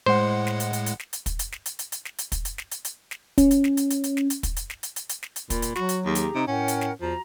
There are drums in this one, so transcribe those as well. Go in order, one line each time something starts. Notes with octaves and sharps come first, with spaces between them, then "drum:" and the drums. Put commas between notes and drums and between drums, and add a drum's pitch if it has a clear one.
A2 G#3 C5 F#5
drum: snare
drum: hi-hat
drum: hi-hat
drum: hi-hat
drum: snare
drum: hi-hat
drum: kick, hi-hat
drum: hi-hat
drum: snare
drum: hi-hat
drum: hi-hat
drum: hi-hat
drum: snare
drum: hi-hat
drum: kick, hi-hat
drum: hi-hat
drum: snare
drum: hi-hat
drum: hi-hat
drum: snare
C#4, drum: kick, hi-hat
drum: hi-hat
drum: snare
drum: hi-hat
drum: hi-hat
drum: hi-hat
drum: snare
drum: hi-hat
drum: kick, hi-hat
drum: hi-hat
drum: snare
drum: hi-hat
drum: hi-hat
drum: hi-hat
drum: snare
drum: hi-hat
A#2 B5, drum: kick, hi-hat
drum: hi-hat
F#3 F#4, drum: snare
drum: hi-hat
D#2 G4 G#4 A#5
drum: hi-hat
C3 D#4
A2 C#4 A#4 F#5 G5
drum: hi-hat
drum: snare
E2 F3 F#4 A#5